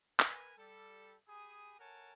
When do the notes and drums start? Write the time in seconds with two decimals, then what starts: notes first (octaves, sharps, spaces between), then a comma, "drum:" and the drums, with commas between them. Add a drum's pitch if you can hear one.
0.20 A#4 B4 G#5, drum: clap
0.58 G3 A4
1.29 G4 G#4 G#5 B5 D#6
1.80 A4 A#4 C#5 F#5 G#5 A5